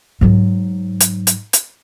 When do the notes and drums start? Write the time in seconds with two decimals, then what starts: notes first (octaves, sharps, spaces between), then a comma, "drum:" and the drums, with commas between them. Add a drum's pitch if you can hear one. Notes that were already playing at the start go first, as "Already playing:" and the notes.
0.21 G#2 F#3
1.00 drum: hi-hat
1.27 drum: hi-hat
1.53 drum: hi-hat